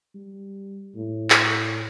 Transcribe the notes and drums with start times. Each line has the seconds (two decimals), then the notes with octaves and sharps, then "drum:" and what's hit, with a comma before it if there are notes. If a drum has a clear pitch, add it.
0.15 G3
0.96 A2
1.30 drum: clap